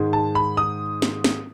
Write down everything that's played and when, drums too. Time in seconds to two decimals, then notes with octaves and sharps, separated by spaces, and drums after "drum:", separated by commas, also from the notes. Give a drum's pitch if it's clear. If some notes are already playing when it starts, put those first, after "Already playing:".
Already playing: G#2 D#3 G#3
0.13 A5
0.35 B5
0.57 D#6
1.02 drum: snare
1.24 drum: snare